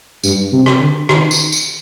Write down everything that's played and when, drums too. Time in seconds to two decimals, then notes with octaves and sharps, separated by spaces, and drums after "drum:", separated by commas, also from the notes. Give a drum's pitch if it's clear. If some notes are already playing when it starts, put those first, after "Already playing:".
0.23 G2, drum: tambourine
0.52 C3
0.66 drum: rim click
0.81 D3
1.09 D#3, drum: rim click
1.31 drum: tambourine
1.52 drum: tambourine